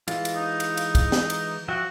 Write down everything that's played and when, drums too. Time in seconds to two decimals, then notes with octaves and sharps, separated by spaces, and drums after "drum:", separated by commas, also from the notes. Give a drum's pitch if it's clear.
0.08 E3 G#3 F4, drum: cymbal
0.25 drum: cymbal
0.36 D#4
0.60 drum: cymbal
0.77 drum: cymbal
0.95 drum: kick, cymbal
1.12 drum: snare
1.30 drum: cymbal
1.68 F3 F#4 E5 G5